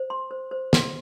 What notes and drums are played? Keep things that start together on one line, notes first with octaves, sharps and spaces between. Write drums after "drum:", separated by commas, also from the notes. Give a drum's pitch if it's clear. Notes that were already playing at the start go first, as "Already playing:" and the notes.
Already playing: C5
C6
C5
C5
C6, drum: snare